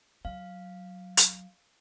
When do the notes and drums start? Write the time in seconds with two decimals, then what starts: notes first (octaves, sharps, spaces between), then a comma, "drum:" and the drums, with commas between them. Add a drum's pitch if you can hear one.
0.25 F#3 F5
1.17 drum: hi-hat